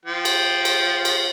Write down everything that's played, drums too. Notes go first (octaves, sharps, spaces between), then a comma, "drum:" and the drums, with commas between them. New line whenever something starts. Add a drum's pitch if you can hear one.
F3 G5
drum: cymbal
drum: cymbal
drum: cymbal